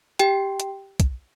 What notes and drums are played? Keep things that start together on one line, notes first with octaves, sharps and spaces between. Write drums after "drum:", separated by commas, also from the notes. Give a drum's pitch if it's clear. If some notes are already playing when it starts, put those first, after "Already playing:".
G4 G5, drum: hi-hat
drum: hi-hat
drum: kick, hi-hat